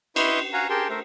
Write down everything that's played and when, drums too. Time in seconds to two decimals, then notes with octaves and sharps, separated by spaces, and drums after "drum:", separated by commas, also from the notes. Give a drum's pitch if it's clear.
0.16 E4 B4 D#5 C6 C#6 G6, drum: cymbal
0.53 F#4 F5 F#5 G#5 A#5
0.70 G4 G#4 A#4 G5 A5 C6
0.89 A3 A#4 C5 E5